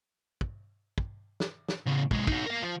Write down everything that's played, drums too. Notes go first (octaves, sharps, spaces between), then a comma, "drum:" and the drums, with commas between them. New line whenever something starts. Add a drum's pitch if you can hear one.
drum: kick
drum: kick
drum: snare
drum: snare
A2 C#3
B1 G#3, drum: kick
D#4 F#4, drum: kick
A#4 F5
F3